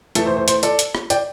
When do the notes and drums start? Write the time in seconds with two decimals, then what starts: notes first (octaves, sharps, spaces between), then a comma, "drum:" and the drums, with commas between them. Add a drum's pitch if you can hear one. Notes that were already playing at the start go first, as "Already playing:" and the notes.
0.15 E2 E3 A3 A4, drum: hi-hat
0.27 C5
0.37 C5
0.48 C5, drum: hi-hat
0.63 A4 D5, drum: hi-hat
0.79 drum: hi-hat
0.95 drum: rim click
1.10 D5 G5, drum: hi-hat